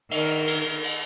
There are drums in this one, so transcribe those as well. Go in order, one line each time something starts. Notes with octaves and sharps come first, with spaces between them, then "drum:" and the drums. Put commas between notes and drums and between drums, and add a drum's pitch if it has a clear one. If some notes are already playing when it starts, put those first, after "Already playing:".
D#3 A#4, drum: cymbal
drum: cymbal
drum: cymbal